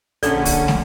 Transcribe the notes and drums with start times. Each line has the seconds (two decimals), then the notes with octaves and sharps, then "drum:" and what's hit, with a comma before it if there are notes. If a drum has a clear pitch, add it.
0.23 A#1 D3 A#3 B3 C#4 E4 A4 D5, drum: hi-hat
0.45 drum: kick, open hi-hat
0.68 drum: snare